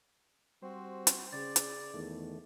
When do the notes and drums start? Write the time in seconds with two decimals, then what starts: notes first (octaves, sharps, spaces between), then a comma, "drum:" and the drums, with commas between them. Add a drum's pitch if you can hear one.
0.62 G3 C4 F#4 C5
1.07 drum: hi-hat
1.32 C#3 G#4 D5 A6
1.56 drum: hi-hat
1.94 E2 D#3 A3